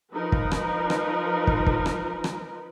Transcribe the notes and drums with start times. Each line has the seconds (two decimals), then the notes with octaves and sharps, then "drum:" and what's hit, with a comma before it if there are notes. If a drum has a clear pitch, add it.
0.13 F3 D#4 A#4 B4
0.32 drum: kick
0.51 drum: rim click
0.90 drum: rim click
1.47 drum: kick
1.67 drum: kick
1.86 drum: rim click
2.24 drum: rim click